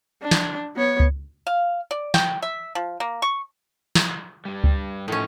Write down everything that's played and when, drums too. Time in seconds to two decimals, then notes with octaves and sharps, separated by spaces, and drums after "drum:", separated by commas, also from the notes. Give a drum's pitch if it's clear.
0.22 D4
0.31 drum: snare
0.76 B3 C#5
1.00 drum: kick C#2
1.47 F5
1.91 D5
2.14 G5, drum: snare
2.42 E5
2.75 F3
3.00 A#3
3.22 C#6
3.95 drum: snare
4.45 G2 G3
4.64 drum: kick C#2
5.08 A2 F3 C#4 D#4